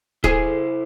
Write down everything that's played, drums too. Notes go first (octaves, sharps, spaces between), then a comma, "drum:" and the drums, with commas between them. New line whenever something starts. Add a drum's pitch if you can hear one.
E4 G#4 C5, drum: kick